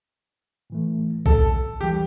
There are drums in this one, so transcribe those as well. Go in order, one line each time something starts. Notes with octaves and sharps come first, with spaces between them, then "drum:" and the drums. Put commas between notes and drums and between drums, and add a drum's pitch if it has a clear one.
A2 E3 A3
A4, drum: kick B1
E2 E3 G3 G4